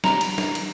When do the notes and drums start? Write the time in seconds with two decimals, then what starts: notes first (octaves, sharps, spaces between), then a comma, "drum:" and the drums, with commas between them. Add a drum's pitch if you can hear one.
0.04 A#5, drum: snare
0.21 drum: cymbal
0.38 drum: snare
0.55 drum: cymbal